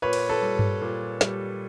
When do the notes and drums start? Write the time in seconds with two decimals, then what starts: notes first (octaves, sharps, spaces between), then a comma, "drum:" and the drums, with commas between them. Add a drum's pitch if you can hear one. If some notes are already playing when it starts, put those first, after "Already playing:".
0.02 A#2 B4 C#5
0.13 drum: cymbal
0.29 A4 B4
0.42 G3
0.59 drum: tom G2
0.81 A#2
1.21 G3, drum: snare